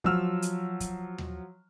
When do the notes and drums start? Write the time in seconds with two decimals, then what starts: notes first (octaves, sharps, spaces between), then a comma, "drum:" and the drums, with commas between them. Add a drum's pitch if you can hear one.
0.04 F3 F#3 E6 F6, drum: kick
0.42 drum: hi-hat
0.80 drum: kick, hi-hat
1.18 drum: tom D#2